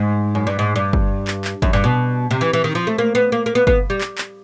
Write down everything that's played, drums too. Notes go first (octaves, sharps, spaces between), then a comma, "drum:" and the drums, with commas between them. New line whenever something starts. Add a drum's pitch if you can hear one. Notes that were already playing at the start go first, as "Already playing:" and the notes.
Already playing: G#2
F#2
G2
G#2
G2
drum: kick
drum: clap
drum: clap
F#2, drum: kick
G2
B2
C3
E3
E3
D#3
F3
A3
A#3
B3
A#3
A#3
B3
B3, drum: kick
G3
drum: clap
drum: clap